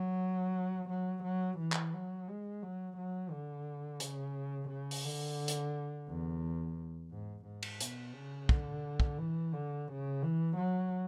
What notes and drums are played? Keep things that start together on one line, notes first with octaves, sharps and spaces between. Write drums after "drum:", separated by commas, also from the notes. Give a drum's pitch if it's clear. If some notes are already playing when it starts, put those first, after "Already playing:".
Already playing: F#3
F#3
F#3
E3
drum: clap
F#3
G#3
F#3
F#3
D3
C#3, drum: hi-hat
C#3
drum: open hi-hat
D3
drum: hi-hat
E2
G#2
G#2
drum: cymbal
B2, drum: hi-hat
C#3
D3, drum: kick
drum: kick
E3
D3
C#3
E3
F#3